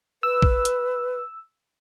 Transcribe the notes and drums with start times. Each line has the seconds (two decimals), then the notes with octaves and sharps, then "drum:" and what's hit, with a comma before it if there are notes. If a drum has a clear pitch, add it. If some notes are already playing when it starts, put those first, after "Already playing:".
0.23 B4 E6
0.42 drum: kick
0.65 drum: hi-hat